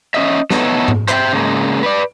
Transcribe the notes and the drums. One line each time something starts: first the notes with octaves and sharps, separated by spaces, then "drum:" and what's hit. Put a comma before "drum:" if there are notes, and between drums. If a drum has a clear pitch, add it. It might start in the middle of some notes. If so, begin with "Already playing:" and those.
C#4 G4 D#5 E5
A3 B3 D#4 A4 B4 C#5, drum: snare
drum: tom G#2
C5 E5 G5, drum: clap
C#3 G#3 A#3
B4 D5